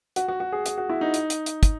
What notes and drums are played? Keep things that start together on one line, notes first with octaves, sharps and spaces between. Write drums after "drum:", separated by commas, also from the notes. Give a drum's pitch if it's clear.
F#4, drum: hi-hat
F#4
F#4
G#4
G#4, drum: hi-hat
F#4
E4
D#4
drum: hi-hat
drum: hi-hat
drum: hi-hat
drum: kick, hi-hat